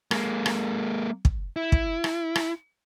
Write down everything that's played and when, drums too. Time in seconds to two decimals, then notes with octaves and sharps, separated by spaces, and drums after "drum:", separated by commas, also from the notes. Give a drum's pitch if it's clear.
0.11 G#3 A#3, drum: rim click
0.46 drum: rim click
1.25 drum: kick
1.56 E4
1.72 drum: kick
2.04 drum: rim click
2.36 drum: rim click